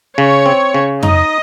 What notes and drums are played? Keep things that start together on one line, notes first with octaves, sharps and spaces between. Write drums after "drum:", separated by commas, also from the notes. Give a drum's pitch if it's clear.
C#3 C#5
C4
C#3
D#4 D#5, drum: tom